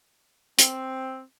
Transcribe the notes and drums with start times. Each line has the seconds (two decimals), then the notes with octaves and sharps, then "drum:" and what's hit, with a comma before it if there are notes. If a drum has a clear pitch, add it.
0.59 C4, drum: hi-hat